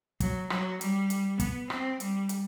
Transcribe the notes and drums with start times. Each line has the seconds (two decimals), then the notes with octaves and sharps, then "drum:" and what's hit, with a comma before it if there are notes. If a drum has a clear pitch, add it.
0.20 F#3, drum: kick, hi-hat
0.50 F#3, drum: rim click
0.81 G3, drum: hi-hat
1.10 drum: hi-hat
1.40 B3, drum: kick, hi-hat
1.70 C4, drum: rim click
2.00 G3, drum: hi-hat
2.29 drum: hi-hat